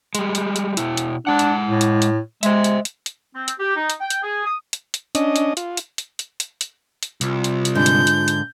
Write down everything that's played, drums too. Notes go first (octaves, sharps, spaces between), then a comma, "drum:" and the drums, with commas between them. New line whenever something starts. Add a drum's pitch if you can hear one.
G3 G#3, drum: hi-hat
drum: hi-hat
drum: hi-hat
B2 E4, drum: hi-hat
drum: hi-hat
G#3 D4 F#5
drum: hi-hat
A2
drum: hi-hat
drum: hi-hat
G#3 C5 E5, drum: hi-hat
drum: hi-hat
drum: hi-hat
drum: hi-hat
C4
drum: hi-hat
G4
D#4
drum: hi-hat
G5
drum: hi-hat
G#4
D#6
drum: hi-hat
drum: hi-hat
C#4 D4 D#5, drum: hi-hat
drum: hi-hat
F4, drum: hi-hat
drum: hi-hat
drum: hi-hat
drum: hi-hat
drum: hi-hat
drum: hi-hat
drum: hi-hat
C2 F4, drum: hi-hat
drum: hi-hat
drum: hi-hat
G#2 D3 G6
drum: hi-hat
drum: hi-hat
drum: hi-hat